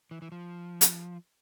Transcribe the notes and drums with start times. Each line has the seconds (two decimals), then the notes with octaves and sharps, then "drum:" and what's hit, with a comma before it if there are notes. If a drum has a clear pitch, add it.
0.11 E3
0.22 E3
0.32 F3
0.81 drum: hi-hat